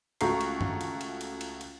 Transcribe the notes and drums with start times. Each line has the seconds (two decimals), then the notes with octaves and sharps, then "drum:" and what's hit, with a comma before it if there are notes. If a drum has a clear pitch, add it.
0.21 C#2 A3 F#4 A#5 C#6 C7, drum: cymbal
0.41 drum: cymbal
0.61 drum: tom F#2
0.81 drum: cymbal
1.01 drum: cymbal
1.21 drum: cymbal
1.41 drum: cymbal
1.61 drum: cymbal